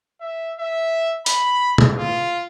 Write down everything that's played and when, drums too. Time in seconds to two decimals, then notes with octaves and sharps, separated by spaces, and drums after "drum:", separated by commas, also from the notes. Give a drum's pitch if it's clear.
0.21 E5
0.59 E5
1.26 B5, drum: hi-hat
1.78 drum: tom B2
1.98 F4